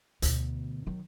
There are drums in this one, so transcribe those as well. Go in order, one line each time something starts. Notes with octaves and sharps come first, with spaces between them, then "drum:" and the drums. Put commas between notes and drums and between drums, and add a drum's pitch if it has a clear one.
D2 B2, drum: hi-hat
D#3 F#3